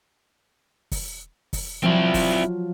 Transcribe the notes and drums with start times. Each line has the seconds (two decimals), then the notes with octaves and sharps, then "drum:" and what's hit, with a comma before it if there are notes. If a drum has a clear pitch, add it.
0.92 drum: kick, open hi-hat
1.53 drum: kick, open hi-hat
1.83 F3 F#3 C4 E4
2.14 drum: kick, open hi-hat